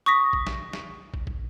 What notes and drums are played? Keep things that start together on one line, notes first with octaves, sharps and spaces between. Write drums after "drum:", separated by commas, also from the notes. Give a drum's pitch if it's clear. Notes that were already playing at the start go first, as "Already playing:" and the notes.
C#6 D#6 A#6 B6
drum: kick
drum: snare
drum: snare
drum: kick
drum: kick